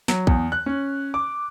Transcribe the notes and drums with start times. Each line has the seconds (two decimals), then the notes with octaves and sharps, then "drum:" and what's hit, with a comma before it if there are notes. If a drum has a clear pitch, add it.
0.08 F#3, drum: snare
0.27 E2, drum: kick A#1
0.52 F#6
0.66 C#4
1.14 D6